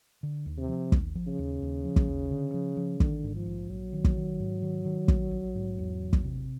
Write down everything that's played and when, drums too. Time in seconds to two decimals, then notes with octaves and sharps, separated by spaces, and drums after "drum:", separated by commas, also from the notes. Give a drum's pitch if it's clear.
0.23 D3
0.46 D#2
0.58 C3
0.68 F3
0.92 D#2, drum: kick
1.15 F3
1.27 C#3
1.39 D#2
1.62 D#2
1.84 F3
1.96 drum: kick
2.08 D#2
2.31 D3
2.54 F3
2.77 F3
3.00 D3 D#3, drum: kick
3.24 G#2
3.35 F3
3.46 A#1
3.70 A#1 F#3
3.93 D#3
4.04 drum: kick
4.17 D#3
4.39 G#2
4.62 D#3
4.85 D#3
5.08 A#1, drum: kick
5.31 A#1
5.55 G#2
5.78 E2
6.02 E1
6.13 drum: kick
6.24 C3